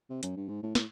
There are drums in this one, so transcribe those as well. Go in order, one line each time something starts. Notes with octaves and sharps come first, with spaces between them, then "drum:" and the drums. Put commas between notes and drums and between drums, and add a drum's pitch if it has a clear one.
C3
F#2, drum: hi-hat
G2
G#2
A2
A2, drum: snare